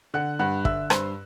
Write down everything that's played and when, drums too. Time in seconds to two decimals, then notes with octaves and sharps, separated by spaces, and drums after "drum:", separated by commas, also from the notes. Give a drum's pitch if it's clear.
0.14 D3 F#5 F#6
0.39 G2 F#5 F#6
0.65 D3 E5 E6, drum: kick
0.90 G2 C5 C6, drum: rim click